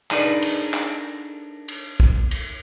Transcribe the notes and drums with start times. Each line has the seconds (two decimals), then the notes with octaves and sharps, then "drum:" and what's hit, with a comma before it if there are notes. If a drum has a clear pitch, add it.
0.11 D4 D#4 G#4 A#4 B4 D5, drum: clap
0.42 drum: cymbal
0.74 drum: clap
1.68 drum: cymbal
2.00 drum: kick
2.31 drum: cymbal